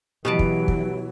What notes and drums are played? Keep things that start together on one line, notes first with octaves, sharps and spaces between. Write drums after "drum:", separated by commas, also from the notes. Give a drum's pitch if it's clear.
B2 E3 F#3 G4 B4 A5 D7
drum: kick
drum: kick